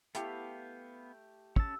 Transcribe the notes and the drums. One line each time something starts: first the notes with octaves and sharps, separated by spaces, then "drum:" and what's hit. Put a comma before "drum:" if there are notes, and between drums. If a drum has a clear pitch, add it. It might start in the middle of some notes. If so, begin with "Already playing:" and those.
A3 B3 E4 G4 B4 F5 G5, drum: hi-hat
C#4 A5 E6, drum: kick